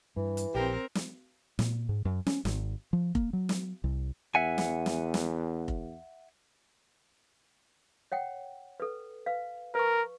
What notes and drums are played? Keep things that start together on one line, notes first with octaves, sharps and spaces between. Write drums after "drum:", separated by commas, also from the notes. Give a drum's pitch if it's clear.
G2 E3
drum: hi-hat
A#1 C4 G4 A#4
drum: snare
A#2, drum: snare
G#2
F#2
C#4, drum: snare
G#1, drum: snare
F3
A#3, drum: kick F1
F#3
drum: snare
C2
E2 E5 F#5 G#5
drum: snare
drum: snare
drum: snare
drum: kick F1
C#5 F#5 G5
A4 B4
B4 F5
A#4 B4 C#6